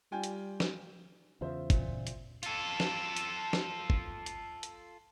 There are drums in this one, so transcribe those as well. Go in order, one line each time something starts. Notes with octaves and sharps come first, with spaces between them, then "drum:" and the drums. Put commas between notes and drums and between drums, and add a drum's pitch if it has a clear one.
G3 F4 G5 G#5
drum: hi-hat
drum: snare
E2 C#3 F4 C5 E5
A#2, drum: kick, hi-hat
drum: hi-hat
F4 A4, drum: hi-hat
drum: snare
drum: hi-hat
drum: snare
drum: kick
drum: hi-hat
drum: hi-hat